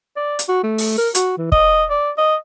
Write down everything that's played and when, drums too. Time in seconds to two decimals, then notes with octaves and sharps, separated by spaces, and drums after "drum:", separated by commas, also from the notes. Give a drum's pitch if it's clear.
0.16 D5
0.39 drum: hi-hat
0.48 F#4
0.63 A3
0.78 drum: open hi-hat
0.98 A#4
1.15 F#4, drum: hi-hat
1.38 E3
1.52 D#5, drum: kick
1.90 D5
2.18 D#5